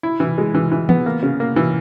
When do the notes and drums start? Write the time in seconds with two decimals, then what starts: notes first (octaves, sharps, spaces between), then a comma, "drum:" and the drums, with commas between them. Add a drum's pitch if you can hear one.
0.03 E4
0.20 E3
0.38 G#3
0.54 E3
0.72 E3
0.89 B3, drum: tom E3
1.06 A#3
1.23 C#3
1.40 A#3
1.56 E3